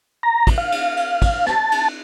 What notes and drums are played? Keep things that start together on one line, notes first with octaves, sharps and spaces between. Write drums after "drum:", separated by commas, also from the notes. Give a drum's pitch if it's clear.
A#5
drum: kick, cymbal
F5
drum: cymbal
drum: cymbal
drum: kick, cymbal
A5, drum: snare
drum: cymbal